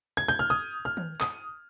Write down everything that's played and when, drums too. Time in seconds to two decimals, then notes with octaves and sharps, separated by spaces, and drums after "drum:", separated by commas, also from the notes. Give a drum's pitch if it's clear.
0.17 G#6
0.28 G6
0.39 F6
0.50 D#6
0.85 F6
0.97 drum: tom D#3
1.21 D#6, drum: clap